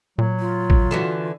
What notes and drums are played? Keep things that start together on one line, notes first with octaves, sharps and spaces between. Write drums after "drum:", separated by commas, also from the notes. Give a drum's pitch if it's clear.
A#2 F#3
F4
drum: kick A1
D3 E3 F#4